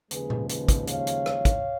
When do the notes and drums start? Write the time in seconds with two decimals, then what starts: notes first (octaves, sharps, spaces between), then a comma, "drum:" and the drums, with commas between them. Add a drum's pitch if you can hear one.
0.11 D#2 C#3 F3 G#3 G#4 B4, drum: hi-hat
0.30 drum: tom A#2
0.49 G#4 B4, drum: hi-hat
0.68 drum: kick, hi-hat
0.87 C#5 F5, drum: hi-hat
1.07 drum: hi-hat
1.26 drum: rim click
1.45 drum: kick, hi-hat